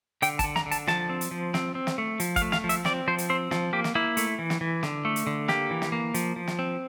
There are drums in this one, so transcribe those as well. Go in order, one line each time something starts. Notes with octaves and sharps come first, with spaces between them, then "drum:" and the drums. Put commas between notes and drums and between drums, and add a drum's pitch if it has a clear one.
D3 G5, drum: hi-hat
A5, drum: kick, hi-hat
D3
A#5, drum: snare
D3
A5, drum: hi-hat
F3 A5, drum: snare
C4
drum: hi-hat
F3
C4, drum: snare
C4
drum: snare
A3
F3, drum: hi-hat
F5, drum: kick, hi-hat
A3
F5, drum: snare
F3
E5, drum: hi-hat
C4 D5, drum: snare
F3 C5
drum: hi-hat
C4 C5
F3, drum: snare
A#3 G4
drum: snare
A#3 E4
A3, drum: hi-hat
E3
drum: snare
E3
D3, drum: snare
A3
drum: hi-hat
D3
A#3 G4, drum: snare
E3
drum: snare
A#3
F3, drum: hi-hat
F3
drum: snare
C4